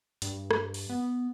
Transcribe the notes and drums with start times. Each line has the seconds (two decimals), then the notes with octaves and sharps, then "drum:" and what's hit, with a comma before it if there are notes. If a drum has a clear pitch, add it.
0.22 G2, drum: hi-hat
0.51 drum: rim click
0.74 drum: open hi-hat
0.89 B3